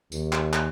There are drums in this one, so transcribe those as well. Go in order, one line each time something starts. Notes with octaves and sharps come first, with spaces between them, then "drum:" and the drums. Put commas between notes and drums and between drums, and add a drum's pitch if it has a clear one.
D#2, drum: tambourine
drum: clap
drum: clap